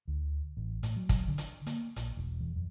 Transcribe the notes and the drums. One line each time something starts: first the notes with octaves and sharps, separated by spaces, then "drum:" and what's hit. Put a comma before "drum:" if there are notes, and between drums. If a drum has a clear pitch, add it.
D2
A1
A2, drum: hi-hat
F#3
drum: kick, hi-hat
D3
drum: hi-hat
A#3, drum: hi-hat
A#1, drum: hi-hat
E1
E2
F2